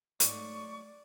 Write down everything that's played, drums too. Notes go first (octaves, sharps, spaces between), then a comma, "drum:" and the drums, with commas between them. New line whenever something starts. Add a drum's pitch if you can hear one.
G#2 F#3 A3 D5 C#6, drum: hi-hat